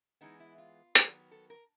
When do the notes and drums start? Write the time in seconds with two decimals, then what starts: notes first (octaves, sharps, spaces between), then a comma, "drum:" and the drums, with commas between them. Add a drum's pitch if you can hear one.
0.21 E3 G#3 B3 D#4
0.40 E4
0.58 F4
0.95 D#3 F#3 B3, drum: hi-hat
1.31 A4
1.50 A#4